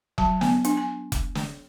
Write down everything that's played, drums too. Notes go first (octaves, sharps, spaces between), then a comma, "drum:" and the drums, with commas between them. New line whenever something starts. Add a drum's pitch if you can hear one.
F#3 A5, drum: kick F1
B3 G#5, drum: snare
D4 G#5, drum: hi-hat
G#5
drum: kick F1, hi-hat
drum: snare